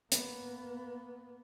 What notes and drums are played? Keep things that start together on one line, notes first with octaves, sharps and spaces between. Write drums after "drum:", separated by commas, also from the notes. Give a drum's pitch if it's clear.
A#3 B3, drum: hi-hat